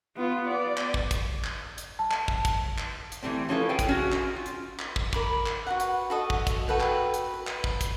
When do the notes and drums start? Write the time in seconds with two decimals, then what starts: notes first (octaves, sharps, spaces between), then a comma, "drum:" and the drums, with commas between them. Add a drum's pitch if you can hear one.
0.17 B3 F4
0.47 D5
0.77 drum: clap
0.94 drum: kick
1.11 drum: kick, hi-hat
1.44 drum: clap
1.78 drum: hi-hat
1.99 A5
2.11 drum: clap
2.28 drum: kick
2.45 drum: kick, hi-hat
2.78 drum: clap
3.12 drum: hi-hat
3.23 E3 F#3 G3 A3 C4
3.49 F3 C#4 E4 A4 B4
3.69 G#4 A4 G5 G#5
3.79 drum: kick, hi-hat
3.89 C#4 F#4
4.12 drum: clap
4.36 F4
4.46 drum: hi-hat
4.79 drum: clap
4.96 drum: kick
5.13 A#4 B5 D6, drum: kick
5.46 drum: clap
5.67 F#4 B4 F#5
5.80 drum: hi-hat
6.10 F#4 A4 D#5
6.30 drum: kick
6.47 drum: kick, hi-hat
6.68 F#4 A4 B4 G5
6.80 drum: clap
7.14 drum: hi-hat
7.34 B4
7.47 drum: clap
7.64 drum: kick
7.81 drum: kick, hi-hat